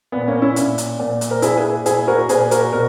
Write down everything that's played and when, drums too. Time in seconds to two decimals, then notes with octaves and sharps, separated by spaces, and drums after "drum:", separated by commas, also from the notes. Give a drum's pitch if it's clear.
0.12 A#2 B3
0.28 A#3 C#4
0.42 C#4 E4
0.56 A#2, drum: hi-hat
0.78 drum: hi-hat
0.99 A#2
1.21 drum: hi-hat
1.31 A#4
1.42 A#2 E4 G#4, drum: hi-hat
1.57 G#4 B4
1.86 A#2 E4 G#4, drum: hi-hat
2.07 F#4 A#4
2.29 A#2 G#4 B4, drum: hi-hat
2.51 F#4 A#4, drum: hi-hat
2.72 B2 F#4 A#4